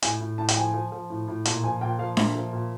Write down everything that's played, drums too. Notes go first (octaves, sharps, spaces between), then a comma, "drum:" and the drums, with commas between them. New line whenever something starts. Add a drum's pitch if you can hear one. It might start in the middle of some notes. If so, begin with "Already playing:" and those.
A2 G#5, drum: hi-hat
A2
A2 A5
G5, drum: hi-hat
F3 G#5
F3
F3
A2
A2
A#2 A5, drum: hi-hat
F3 G#5
A#2 G5
F3 F5
A#2 E5, drum: snare D4
F3
A#2